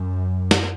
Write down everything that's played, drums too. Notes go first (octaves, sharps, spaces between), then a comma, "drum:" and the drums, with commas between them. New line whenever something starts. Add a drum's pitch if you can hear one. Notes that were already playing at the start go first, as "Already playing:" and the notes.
Already playing: F#2
drum: snare